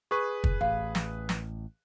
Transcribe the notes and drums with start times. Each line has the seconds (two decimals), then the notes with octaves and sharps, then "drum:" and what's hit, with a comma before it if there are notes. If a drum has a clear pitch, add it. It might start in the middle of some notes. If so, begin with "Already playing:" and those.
0.11 G#4 B4 C#6
0.44 drum: kick
0.61 A1 F5
0.95 drum: snare
1.29 drum: snare